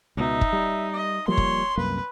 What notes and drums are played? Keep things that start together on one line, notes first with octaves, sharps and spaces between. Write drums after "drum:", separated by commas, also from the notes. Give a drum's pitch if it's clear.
C#2 B2 D#4 E5
drum: kick
G3
D#5
F3 G3 A#3 C#5 C6
drum: kick
C2 F#2 A#3 B4